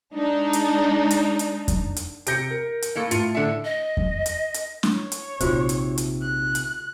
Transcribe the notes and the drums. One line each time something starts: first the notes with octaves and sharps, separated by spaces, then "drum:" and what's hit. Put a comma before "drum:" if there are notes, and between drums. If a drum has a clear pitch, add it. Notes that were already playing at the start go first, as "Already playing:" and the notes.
G#3 D4 D#4
drum: hi-hat
drum: hi-hat
drum: hi-hat
drum: kick F2, hi-hat
drum: hi-hat
C3 G6 A#6 C#7 D7, drum: hi-hat
A#4
drum: hi-hat
A2 A#3 A4
A2 F4 A5 C#7, drum: hi-hat
D3 E5 A5 C#7
D#5
drum: kick F2
drum: hi-hat
drum: hi-hat
drum: snare
C#5
drum: hi-hat
A#1 C3 D#4 F4 F#4 C5, drum: hi-hat
drum: hi-hat
drum: hi-hat
F#6
drum: hi-hat